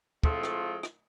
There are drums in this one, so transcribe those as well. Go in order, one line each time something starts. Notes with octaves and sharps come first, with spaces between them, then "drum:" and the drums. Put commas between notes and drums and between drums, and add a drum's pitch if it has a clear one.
A2 F3 G#3 A3 C4 F4, drum: kick
drum: rim click
drum: rim click